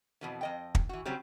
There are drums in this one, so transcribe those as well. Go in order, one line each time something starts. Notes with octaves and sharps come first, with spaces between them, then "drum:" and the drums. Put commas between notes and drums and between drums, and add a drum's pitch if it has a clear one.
F2 B2 E3
F2 D#5 G5
drum: kick
E3 F#4
C#3 F#3 G3 C4 G4